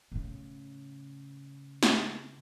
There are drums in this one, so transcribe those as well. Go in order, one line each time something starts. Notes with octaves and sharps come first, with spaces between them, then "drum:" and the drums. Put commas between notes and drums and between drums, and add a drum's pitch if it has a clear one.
A2 C#3
drum: snare